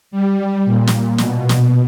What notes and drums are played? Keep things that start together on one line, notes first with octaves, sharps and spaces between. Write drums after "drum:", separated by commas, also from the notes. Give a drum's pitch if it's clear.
G3
A#2
drum: snare
B2, drum: snare
drum: snare